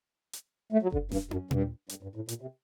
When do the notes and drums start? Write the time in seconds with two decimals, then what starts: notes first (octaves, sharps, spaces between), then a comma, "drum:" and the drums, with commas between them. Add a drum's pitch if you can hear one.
0.33 drum: hi-hat
0.72 A3
0.82 F#3
0.92 D3, drum: kick F#1
1.11 G2, drum: snare E1
1.31 F#2, drum: tom
1.51 G2, drum: tom A#2
1.89 G2, drum: hi-hat
2.03 G2
2.15 A2
2.28 A#2, drum: hi-hat
2.41 C3